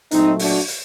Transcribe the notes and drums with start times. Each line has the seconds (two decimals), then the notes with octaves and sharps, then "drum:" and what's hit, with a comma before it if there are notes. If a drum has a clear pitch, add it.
0.11 A#2 F#3 A3 C4 D#4, drum: hi-hat
0.39 D4 F#4, drum: open hi-hat
0.68 drum: hi-hat